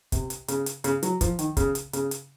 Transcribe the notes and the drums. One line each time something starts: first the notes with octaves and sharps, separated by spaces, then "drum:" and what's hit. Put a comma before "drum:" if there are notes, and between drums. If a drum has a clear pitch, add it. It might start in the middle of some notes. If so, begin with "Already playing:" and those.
C3, drum: kick, hi-hat
drum: hi-hat
C#3, drum: hi-hat
drum: hi-hat
C#3, drum: hi-hat
F#3, drum: hi-hat
F3, drum: kick, hi-hat
D#3, drum: hi-hat
C#3, drum: kick, hi-hat
drum: hi-hat
C#3, drum: hi-hat
drum: hi-hat